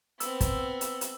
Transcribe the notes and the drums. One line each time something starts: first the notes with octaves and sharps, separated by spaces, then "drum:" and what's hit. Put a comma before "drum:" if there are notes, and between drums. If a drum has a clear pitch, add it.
B3 C4 E6, drum: hi-hat
drum: kick, hi-hat
drum: hi-hat
drum: hi-hat